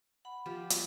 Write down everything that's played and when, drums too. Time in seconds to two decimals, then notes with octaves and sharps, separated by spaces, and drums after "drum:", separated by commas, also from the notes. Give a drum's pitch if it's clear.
0.25 F#5 B5
0.46 F3 F4 G4
0.70 drum: hi-hat